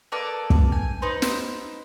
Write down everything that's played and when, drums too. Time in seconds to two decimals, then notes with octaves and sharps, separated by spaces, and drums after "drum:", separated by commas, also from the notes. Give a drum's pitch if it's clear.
0.12 A#3 B3 A4 D5
0.50 drum: kick
0.72 G#5
1.02 D#4 B4 C5
1.22 drum: snare